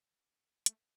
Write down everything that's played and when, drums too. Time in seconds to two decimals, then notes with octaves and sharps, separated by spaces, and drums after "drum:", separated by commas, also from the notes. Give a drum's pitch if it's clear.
0.66 A3, drum: hi-hat